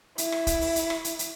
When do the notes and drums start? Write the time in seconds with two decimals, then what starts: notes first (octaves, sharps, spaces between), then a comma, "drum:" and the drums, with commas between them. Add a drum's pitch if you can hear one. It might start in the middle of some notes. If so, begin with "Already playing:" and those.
0.18 E4, drum: hi-hat
0.32 drum: rim click
0.47 drum: kick, hi-hat
0.61 drum: open hi-hat
0.76 drum: hi-hat
0.90 drum: rim click
1.04 drum: hi-hat
1.19 drum: hi-hat